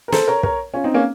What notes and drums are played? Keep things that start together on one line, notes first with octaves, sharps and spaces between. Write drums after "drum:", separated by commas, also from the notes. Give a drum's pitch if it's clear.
A#4
A4 C5, drum: snare
A#4 C#5
A#4 C#5, drum: kick
C#4 F4
C4 D#4
A#3 C#4